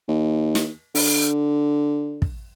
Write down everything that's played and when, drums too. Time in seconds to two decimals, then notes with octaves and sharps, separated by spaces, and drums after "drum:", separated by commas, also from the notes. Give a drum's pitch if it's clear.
0.08 D#2
0.55 drum: snare
0.95 D3, drum: open hi-hat
2.22 drum: kick